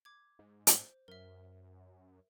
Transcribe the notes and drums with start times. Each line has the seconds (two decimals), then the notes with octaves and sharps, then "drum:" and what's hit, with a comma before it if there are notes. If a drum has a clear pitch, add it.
0.05 D6 G#6
0.39 G#2
0.67 C5, drum: hi-hat
1.08 F#2 A#4 E5